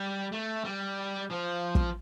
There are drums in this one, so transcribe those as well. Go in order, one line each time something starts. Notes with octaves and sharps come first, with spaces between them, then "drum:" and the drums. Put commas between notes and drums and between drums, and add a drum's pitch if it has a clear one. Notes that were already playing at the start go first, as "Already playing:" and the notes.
Already playing: G3
A3
G3
F3
drum: kick